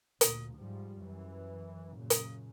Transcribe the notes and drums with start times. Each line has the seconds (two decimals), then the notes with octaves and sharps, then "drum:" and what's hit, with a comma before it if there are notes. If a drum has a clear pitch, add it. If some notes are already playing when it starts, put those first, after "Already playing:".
0.21 D2 A#2, drum: hi-hat
0.56 G#2 F3 G3
1.03 F#2 E3
1.95 F#2 A#2 C#3
2.10 drum: hi-hat